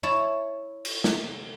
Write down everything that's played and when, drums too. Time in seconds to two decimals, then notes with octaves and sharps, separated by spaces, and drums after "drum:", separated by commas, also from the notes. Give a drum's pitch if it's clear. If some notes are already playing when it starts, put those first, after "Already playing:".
0.03 E4 C#5 A5
0.85 drum: cymbal
1.04 drum: snare